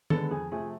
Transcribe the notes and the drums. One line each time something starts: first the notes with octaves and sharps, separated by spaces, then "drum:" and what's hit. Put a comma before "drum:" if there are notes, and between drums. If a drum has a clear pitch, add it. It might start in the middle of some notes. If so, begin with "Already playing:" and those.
D3 G#3 B3 A4, drum: tom D#3
F2 G#4
C3 F3 A3 G#4